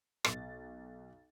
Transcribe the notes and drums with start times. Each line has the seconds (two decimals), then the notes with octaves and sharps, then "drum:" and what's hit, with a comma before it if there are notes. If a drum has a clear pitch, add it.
0.25 B1 A6, drum: rim click